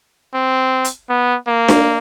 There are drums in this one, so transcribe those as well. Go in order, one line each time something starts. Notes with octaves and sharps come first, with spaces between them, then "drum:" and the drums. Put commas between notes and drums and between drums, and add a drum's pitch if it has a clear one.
C4
drum: hi-hat
B3
A#3
drum: snare D4